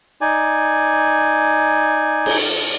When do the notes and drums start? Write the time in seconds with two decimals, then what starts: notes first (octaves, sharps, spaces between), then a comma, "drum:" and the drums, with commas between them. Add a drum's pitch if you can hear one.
0.21 D#4 D5 G#5
2.26 drum: cymbal